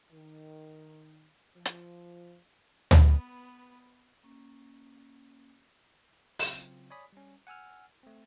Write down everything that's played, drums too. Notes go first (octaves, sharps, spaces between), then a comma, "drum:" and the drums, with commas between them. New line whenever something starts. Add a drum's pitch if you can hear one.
D#3
F3
drum: hi-hat
B3 B4, drum: tom
A#3 C#4
C#3 F#3 C4 F4, drum: open hi-hat
C#5 D5 G#5 B5 D#6 B6
G3 C#4
F#5 G#5 E6 F6
A3 C4